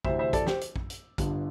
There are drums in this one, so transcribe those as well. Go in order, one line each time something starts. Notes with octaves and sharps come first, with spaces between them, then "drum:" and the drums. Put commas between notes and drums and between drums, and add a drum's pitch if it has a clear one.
D2 C3 E3 C5 E5, drum: kick A#1
C5 E5
A4 D5, drum: kick A#1, hi-hat
G4 C5, drum: snare
drum: hi-hat
drum: kick A#1
drum: hi-hat
G1 G2 D3, drum: kick A#1, hi-hat